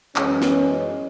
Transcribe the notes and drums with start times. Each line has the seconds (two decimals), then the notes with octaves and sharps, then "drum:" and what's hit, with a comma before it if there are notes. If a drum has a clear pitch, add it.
0.16 F#2 E3 G#3 C#4, drum: clap
0.42 drum: snare